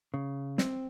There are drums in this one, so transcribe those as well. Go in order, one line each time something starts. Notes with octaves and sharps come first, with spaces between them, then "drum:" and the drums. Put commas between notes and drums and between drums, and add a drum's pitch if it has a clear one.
C#3
C4, drum: snare